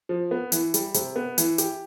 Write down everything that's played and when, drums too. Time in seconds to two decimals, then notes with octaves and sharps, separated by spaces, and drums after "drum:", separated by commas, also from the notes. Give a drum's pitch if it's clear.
0.09 F3
0.31 B3
0.52 E3, drum: hi-hat
0.74 G3, drum: hi-hat
0.94 C3, drum: hi-hat
1.16 B3
1.38 E3, drum: hi-hat
1.58 G4, drum: hi-hat